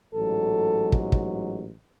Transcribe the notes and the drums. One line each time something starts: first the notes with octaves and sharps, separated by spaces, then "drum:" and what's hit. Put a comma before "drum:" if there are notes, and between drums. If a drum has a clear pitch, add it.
A1 G#2 F#3 A4
drum: kick
drum: kick